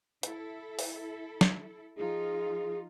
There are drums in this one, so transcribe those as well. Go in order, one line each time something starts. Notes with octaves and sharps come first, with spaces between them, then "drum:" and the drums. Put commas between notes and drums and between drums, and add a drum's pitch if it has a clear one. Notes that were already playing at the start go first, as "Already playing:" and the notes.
E4 A4, drum: hi-hat
drum: open hi-hat
drum: snare
F3 D#4 F4 G#4